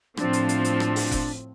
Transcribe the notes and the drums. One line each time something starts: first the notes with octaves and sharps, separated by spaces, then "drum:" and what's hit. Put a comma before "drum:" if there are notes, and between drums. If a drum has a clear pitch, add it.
A2 F3 C4 D4, drum: rim click
drum: hi-hat
drum: hi-hat
drum: hi-hat
drum: rim click
drum: open hi-hat
drum: kick F1, hi-hat